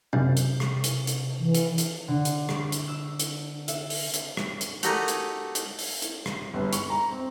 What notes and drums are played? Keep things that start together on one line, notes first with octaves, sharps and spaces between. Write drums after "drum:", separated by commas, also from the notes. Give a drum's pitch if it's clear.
F#2 C3
drum: hi-hat
drum: rim click
drum: hi-hat
drum: hi-hat
E3
drum: hi-hat
drum: hi-hat
D3
drum: hi-hat
drum: rim click
drum: hi-hat
E6
drum: hi-hat
E5, drum: hi-hat
drum: open hi-hat
drum: hi-hat
drum: rim click
drum: hi-hat
A3 F#4 G4 A#4 D#5 G#5, drum: hi-hat
drum: hi-hat
drum: hi-hat
drum: open hi-hat
drum: hi-hat
drum: rim click
G1
C#6, drum: hi-hat
A#5
C4